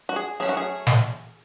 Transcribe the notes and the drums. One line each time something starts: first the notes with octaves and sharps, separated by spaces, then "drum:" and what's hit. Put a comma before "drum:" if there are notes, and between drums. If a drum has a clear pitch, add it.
F#4
G#4
F#3 A3 C#4 G#4
F#4
G#4
drum: snare